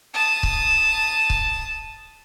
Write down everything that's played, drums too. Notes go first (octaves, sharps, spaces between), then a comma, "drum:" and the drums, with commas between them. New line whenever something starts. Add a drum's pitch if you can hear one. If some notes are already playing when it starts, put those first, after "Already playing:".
A5 D#6
drum: kick C#1
drum: kick C#1